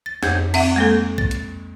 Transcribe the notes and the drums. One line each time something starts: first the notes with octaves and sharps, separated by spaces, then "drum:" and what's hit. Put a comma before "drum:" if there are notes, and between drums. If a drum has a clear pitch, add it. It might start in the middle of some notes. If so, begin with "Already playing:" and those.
A6
F2 G6, drum: snare
C4 E5 F#5, drum: cymbal
G#3 A#3 A4
A6, drum: kick
drum: hi-hat